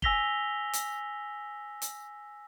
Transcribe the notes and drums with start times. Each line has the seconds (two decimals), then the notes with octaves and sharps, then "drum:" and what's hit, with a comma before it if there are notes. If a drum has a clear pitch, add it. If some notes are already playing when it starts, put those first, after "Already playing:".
0.02 G#5 E6 A#6 B6 F7 G7, drum: kick
0.73 drum: hi-hat
1.82 drum: hi-hat